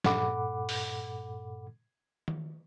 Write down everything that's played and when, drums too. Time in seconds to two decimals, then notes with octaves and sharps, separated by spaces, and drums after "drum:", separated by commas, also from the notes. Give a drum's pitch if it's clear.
0.04 G2 A#2 A4 F#5 B5 D6, drum: snare
0.69 drum: open hi-hat
2.28 drum: tom D#3